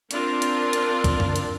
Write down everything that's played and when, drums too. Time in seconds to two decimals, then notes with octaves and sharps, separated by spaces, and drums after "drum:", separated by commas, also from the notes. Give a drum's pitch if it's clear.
0.11 C4 D4 F4 A#4, drum: hi-hat
0.42 drum: hi-hat
0.73 drum: hi-hat
1.04 drum: kick, hi-hat
1.20 drum: tom F#2
1.36 drum: hi-hat